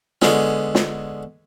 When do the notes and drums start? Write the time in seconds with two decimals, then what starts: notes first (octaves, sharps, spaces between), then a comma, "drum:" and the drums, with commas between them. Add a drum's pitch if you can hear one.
0.22 D3 G#3 B3 C#4, drum: snare
0.75 drum: snare